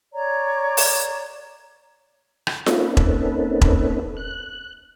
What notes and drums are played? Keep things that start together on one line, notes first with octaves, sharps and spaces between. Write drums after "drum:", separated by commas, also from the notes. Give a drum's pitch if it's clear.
C#5 D5 A#5
drum: open hi-hat
drum: rim click
A#3 C4 C#4 D#4 A4 B4, drum: snare F4
drum: kick E1
drum: kick E1
F#6